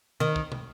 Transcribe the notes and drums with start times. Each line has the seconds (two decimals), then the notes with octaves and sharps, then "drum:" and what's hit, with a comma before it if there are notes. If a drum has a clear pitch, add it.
0.20 D#3
0.36 drum: kick
0.52 drum: tom